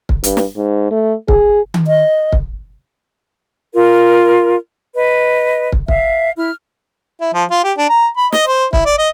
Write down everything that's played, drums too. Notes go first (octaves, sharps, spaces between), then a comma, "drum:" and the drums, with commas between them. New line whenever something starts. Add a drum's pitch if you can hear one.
drum: kick
G2, drum: hi-hat
drum: snare
G#2
A3
G#4, drum: kick
drum: tom D#3
D#5
drum: kick
F4 A#4
B4 D#5
drum: kick
E5 F5, drum: kick
E4 F6
E4
F3
F4
G4
D4
A#5
B5
D#5, drum: snare
C5
E4, drum: kick
D5
D#5